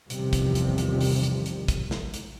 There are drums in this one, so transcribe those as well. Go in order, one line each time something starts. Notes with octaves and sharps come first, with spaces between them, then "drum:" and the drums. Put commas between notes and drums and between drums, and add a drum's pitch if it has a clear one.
A1 E2 C3 D#3 F3 G3, drum: hi-hat
drum: kick, hi-hat
drum: hi-hat
drum: hi-hat
drum: open hi-hat
drum: hi-hat
drum: hi-hat
drum: kick, hi-hat
drum: snare
drum: hi-hat